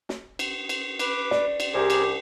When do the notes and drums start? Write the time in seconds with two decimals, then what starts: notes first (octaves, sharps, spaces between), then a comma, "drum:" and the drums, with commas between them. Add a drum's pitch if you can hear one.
0.09 drum: snare
0.39 drum: cymbal
0.69 drum: cymbal
0.99 B4 D6, drum: cymbal
1.31 D5, drum: snare
1.60 drum: cymbal
1.74 C2 G4 G#4 A#4 C5
1.90 drum: cymbal